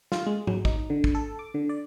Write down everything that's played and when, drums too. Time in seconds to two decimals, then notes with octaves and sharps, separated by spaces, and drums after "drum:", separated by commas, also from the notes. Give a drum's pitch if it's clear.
0.12 F4, drum: snare
0.27 G#3
0.47 F#3, drum: tom G#2
0.65 D#4, drum: kick
0.90 D3
1.04 drum: kick
1.15 A4
1.39 D6
1.54 D3
1.69 D5